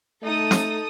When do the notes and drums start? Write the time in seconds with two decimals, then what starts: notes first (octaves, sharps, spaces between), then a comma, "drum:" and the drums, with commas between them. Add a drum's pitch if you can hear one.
0.23 A3 D#4 A4 D#6
0.51 drum: snare